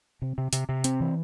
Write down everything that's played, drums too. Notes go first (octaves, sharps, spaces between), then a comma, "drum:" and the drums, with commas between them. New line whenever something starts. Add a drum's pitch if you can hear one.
C3
C3
C3, drum: hi-hat
C3
C4, drum: hi-hat
E3